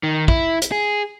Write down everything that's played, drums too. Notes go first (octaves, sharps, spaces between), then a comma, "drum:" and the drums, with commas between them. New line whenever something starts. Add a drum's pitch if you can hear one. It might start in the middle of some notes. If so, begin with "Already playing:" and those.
D#3
E4, drum: kick
drum: hi-hat
G#4